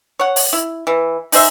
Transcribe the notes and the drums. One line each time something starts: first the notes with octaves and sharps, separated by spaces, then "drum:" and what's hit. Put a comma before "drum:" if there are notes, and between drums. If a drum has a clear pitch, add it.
C#5 F#5
drum: open hi-hat
E4
E3
D#4 G#4 C5 E5, drum: open hi-hat